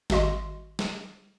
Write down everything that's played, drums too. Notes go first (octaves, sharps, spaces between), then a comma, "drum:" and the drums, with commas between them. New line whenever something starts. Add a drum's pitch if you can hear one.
G#1 F#4 D#5 C6, drum: snare
drum: snare